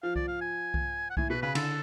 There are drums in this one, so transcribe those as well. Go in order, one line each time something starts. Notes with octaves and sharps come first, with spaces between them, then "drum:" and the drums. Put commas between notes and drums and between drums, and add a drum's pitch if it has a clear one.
F3 F5
D5, drum: kick C2
F5
G#5
drum: kick C2
F#5
A2 G#5, drum: kick C2
B2 B4
C#3 B4
D3 A4, drum: cymbal